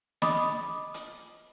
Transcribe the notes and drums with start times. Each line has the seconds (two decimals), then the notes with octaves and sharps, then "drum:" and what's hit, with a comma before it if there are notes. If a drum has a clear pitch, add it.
0.22 D#5 B5 D6 D#6, drum: snare
0.94 drum: hi-hat